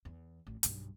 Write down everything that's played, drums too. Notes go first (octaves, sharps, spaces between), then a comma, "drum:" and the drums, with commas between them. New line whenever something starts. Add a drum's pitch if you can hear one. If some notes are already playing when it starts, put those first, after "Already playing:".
E2
A1
B1 G2, drum: hi-hat